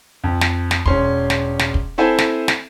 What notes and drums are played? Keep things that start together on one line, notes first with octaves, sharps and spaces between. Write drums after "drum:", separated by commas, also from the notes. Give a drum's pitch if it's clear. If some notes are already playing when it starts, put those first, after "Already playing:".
F2
drum: snare
drum: snare
E1 C#4 C6, drum: kick
drum: snare
drum: snare
drum: kick
C4 E4 A4 C5 E5 G#5
drum: snare
drum: snare